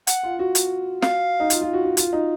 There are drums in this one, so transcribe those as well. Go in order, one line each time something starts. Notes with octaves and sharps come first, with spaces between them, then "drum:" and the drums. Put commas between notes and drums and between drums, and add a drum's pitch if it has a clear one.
F#5, drum: hi-hat
F4
F#4
drum: hi-hat
F5, drum: snare
D#4
F4, drum: hi-hat
F4
F#4
F#4
F4, drum: hi-hat
D#4